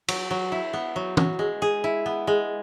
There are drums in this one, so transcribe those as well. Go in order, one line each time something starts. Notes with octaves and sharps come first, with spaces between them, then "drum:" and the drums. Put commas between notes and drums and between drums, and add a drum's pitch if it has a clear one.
F#3, drum: cymbal
F#3
E4
B3
F#3
F#3, drum: tom
G#3
G#4
E4
B3
G#3